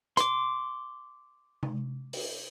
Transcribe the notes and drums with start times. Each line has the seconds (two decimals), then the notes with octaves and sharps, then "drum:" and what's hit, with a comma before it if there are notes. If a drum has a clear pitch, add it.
0.17 C6 D6, drum: hi-hat
1.63 drum: tom C3
2.13 drum: open hi-hat